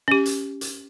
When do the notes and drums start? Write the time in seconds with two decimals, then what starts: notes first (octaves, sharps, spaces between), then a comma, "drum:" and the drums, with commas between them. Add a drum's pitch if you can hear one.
0.08 C#4 G4
0.25 drum: hi-hat
0.61 drum: hi-hat